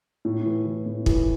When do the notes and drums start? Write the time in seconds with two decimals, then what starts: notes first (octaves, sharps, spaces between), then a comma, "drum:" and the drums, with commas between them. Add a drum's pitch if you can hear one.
0.25 A2
0.46 E3
0.66 E3
0.86 A2
1.06 E3, drum: kick